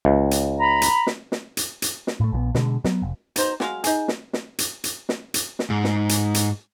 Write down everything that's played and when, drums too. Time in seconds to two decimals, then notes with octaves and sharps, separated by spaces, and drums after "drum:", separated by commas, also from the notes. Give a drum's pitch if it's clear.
0.05 C#2
0.31 drum: hi-hat
0.60 A#5 B5
0.82 drum: hi-hat
1.07 drum: snare
1.32 drum: snare
1.57 drum: hi-hat
1.82 drum: hi-hat
2.07 drum: snare
2.20 A2 A3
2.32 A#1 E3 B3
2.55 B2 D3 G#3, drum: snare
2.84 F#3 B3, drum: snare
3.02 F1
3.36 B2 D#4 C5 A#5, drum: hi-hat
3.60 F#3 G#3 F5, drum: snare
3.84 D#4 G#4, drum: hi-hat
4.08 drum: snare
4.33 drum: snare
4.59 drum: hi-hat
4.84 drum: hi-hat
5.09 drum: snare
5.34 drum: hi-hat
5.59 drum: snare
5.70 G#2
5.84 drum: snare
6.09 drum: hi-hat
6.34 drum: hi-hat